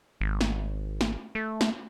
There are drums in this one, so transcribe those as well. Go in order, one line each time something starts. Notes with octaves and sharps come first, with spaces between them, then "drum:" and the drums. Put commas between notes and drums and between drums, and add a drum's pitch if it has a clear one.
G#1
drum: snare
drum: snare
A3
drum: snare